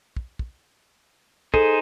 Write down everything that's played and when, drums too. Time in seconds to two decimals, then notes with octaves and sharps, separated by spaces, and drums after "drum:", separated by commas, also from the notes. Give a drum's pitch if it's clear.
0.17 drum: kick
0.39 drum: kick
1.54 D#4 G#4 A4 C5, drum: kick